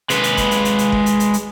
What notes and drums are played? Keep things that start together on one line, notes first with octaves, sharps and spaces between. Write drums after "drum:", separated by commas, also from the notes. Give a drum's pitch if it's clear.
G#3 B4, drum: hi-hat
drum: hi-hat
drum: kick F#1, hi-hat
drum: hi-hat
drum: hi-hat
drum: hi-hat
drum: kick F#1
drum: hi-hat
drum: hi-hat
drum: hi-hat